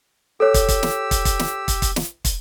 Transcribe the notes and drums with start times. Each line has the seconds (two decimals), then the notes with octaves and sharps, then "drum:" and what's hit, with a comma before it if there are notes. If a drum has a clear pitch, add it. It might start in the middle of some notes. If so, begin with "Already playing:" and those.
0.40 G4 A4 C#5 E6
0.54 drum: kick, hi-hat
0.68 drum: kick, hi-hat
0.83 drum: snare
1.11 drum: kick, hi-hat
1.25 drum: kick, hi-hat
1.39 drum: snare
1.68 drum: kick, hi-hat
1.82 drum: kick, hi-hat
1.96 drum: snare
2.25 drum: kick, hi-hat